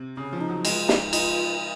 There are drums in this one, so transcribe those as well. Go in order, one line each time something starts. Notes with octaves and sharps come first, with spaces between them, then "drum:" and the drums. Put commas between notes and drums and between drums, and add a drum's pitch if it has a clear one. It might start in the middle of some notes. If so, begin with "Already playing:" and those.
Already playing: C3
C#3 C#4
F3
D#4
F#3
G#3 F4, drum: cymbal
D#4, drum: snare
D#4 F4, drum: cymbal